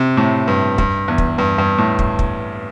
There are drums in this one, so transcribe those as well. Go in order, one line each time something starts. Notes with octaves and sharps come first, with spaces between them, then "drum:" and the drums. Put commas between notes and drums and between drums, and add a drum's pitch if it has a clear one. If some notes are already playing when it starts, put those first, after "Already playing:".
Already playing: C3
A2
G2
G2, drum: kick
E2
drum: kick
G2
G2
A2
drum: kick
drum: kick